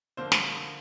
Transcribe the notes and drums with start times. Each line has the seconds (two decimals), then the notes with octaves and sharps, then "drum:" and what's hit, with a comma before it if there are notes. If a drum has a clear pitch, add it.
0.17 D3 F3 A#3 D4 C5
0.32 drum: snare